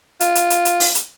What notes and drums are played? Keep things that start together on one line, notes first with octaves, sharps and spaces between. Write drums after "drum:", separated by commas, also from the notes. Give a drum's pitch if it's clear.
F4, drum: hi-hat
drum: hi-hat
drum: hi-hat
drum: hi-hat
drum: open hi-hat
drum: hi-hat